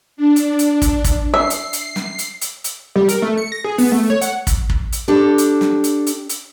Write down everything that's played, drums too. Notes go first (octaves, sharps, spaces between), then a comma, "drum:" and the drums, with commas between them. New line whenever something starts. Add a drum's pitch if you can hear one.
D4
drum: hi-hat
drum: hi-hat
drum: kick, hi-hat
drum: kick, hi-hat
E5 C7
drum: hi-hat
drum: hi-hat
drum: snare
drum: hi-hat
drum: hi-hat
drum: hi-hat
G3
A#4, drum: hi-hat
A3
C#7
A#6
G#4
B3, drum: open hi-hat
A3
C#5
F#5, drum: hi-hat
drum: kick, hi-hat
drum: kick
drum: hi-hat
D4 G4 A4
drum: hi-hat
drum: snare
drum: hi-hat
drum: hi-hat
drum: hi-hat